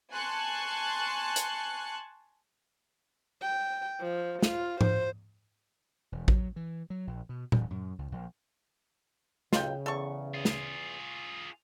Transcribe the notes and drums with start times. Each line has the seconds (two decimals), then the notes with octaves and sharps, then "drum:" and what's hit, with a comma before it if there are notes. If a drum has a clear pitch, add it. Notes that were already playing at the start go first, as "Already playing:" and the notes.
0.12 G#5 A5 C6 C#6 F#6
1.36 drum: hi-hat
3.42 G5
4.01 F3
4.42 F4, drum: snare
4.81 C5, drum: tom G#2
6.12 E1
6.28 F#3, drum: kick A1
6.56 E3
6.90 F#3
7.07 A#1
7.29 B2
7.52 E1, drum: tom A#2
7.70 F#2
7.98 C#2
8.12 A#1
9.53 B1 C#3 F4 G5, drum: snare
9.86 E2 A4 C#6
10.35 F4 G#4
10.45 drum: snare